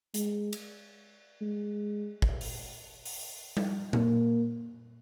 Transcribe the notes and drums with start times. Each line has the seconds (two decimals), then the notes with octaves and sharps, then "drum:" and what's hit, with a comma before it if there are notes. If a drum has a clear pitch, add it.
0.14 G#3, drum: hi-hat
0.53 drum: cymbal
1.41 G#3
2.22 drum: kick
2.41 drum: open hi-hat
3.05 drum: open hi-hat
3.57 drum: tom G3
3.93 A#3, drum: tom A#2